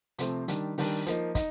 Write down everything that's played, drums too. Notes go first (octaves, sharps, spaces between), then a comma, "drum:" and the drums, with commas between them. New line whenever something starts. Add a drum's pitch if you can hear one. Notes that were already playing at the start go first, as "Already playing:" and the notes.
C3 F3 A3 C4, drum: hi-hat
D#3 G3 D4, drum: hi-hat
D#3 G3 D4, drum: open hi-hat
F3 A#3 D#4, drum: hi-hat
D#4, drum: kick, hi-hat